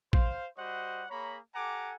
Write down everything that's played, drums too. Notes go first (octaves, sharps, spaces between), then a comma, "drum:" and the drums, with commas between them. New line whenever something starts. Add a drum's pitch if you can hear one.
C5 F5, drum: kick
G3 F#4 C5 D#5 F#5
A#3 G#4 C#5 A#5 B5
G4 A4 F#5 G#5 A#5 D6